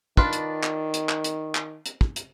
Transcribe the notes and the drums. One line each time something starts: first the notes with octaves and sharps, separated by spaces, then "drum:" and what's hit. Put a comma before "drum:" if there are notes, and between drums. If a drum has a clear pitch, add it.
D#3 D4 F4 B4, drum: kick
drum: hi-hat
drum: clap
drum: hi-hat
drum: clap
drum: hi-hat
drum: clap
drum: hi-hat
drum: kick
drum: hi-hat